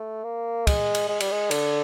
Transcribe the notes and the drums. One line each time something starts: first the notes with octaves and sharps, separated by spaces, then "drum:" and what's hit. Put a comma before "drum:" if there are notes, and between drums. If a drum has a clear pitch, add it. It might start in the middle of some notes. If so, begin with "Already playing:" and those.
Already playing: A3
A#3
G#3, drum: kick, cymbal
drum: cymbal
G#3
G3, drum: cymbal
G#3
D3, drum: cymbal